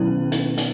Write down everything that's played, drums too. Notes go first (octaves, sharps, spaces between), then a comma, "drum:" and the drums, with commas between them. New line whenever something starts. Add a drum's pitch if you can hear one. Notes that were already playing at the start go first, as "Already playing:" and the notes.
Already playing: B2 D#3 F#3 C#4 E4
drum: hi-hat
drum: hi-hat